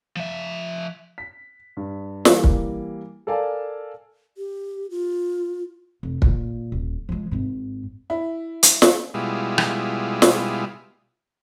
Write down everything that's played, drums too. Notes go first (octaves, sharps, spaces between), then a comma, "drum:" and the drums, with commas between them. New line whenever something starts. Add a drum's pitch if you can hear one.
F3 E5
B6
G2
E3 G3 A#3, drum: snare
drum: kick
A4 A#4 D5 F5 G#5 A5
G4
F4
F1
A#2, drum: kick
D#1
F3 G#3
G#1 G#2
E4
drum: hi-hat
drum: snare
B2 G3 G#3 E4 F4
drum: rim click
drum: snare